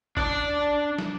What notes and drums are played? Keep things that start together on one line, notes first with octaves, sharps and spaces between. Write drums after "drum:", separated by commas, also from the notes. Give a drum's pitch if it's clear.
D4 D5, drum: kick
drum: snare